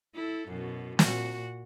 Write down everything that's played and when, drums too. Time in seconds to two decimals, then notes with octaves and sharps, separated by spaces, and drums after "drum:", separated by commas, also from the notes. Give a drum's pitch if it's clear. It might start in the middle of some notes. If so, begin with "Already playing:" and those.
0.15 E4 A4
0.48 F#2 B2
0.99 A#2 F#4, drum: snare